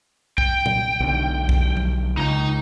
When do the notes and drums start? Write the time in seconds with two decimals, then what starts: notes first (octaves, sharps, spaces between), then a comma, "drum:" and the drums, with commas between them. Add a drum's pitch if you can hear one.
0.38 G5, drum: kick
0.66 drum: tom A#2
1.00 B1 D3
1.49 drum: kick
1.77 drum: tom F3
2.17 C#2 D#4 A#5